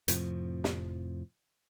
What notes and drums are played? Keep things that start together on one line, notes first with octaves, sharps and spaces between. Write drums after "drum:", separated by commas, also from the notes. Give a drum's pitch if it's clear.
F2 A2 C3 F3, drum: hi-hat
drum: snare